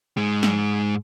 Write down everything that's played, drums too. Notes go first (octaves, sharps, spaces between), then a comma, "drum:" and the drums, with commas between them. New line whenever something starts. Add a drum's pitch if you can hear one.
G#2 G#3
drum: snare